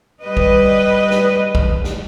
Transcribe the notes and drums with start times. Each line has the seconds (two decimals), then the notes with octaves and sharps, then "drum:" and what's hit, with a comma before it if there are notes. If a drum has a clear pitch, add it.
0.22 G3 B4 D#5
0.37 drum: kick
1.10 drum: snare
1.55 drum: kick
1.84 drum: snare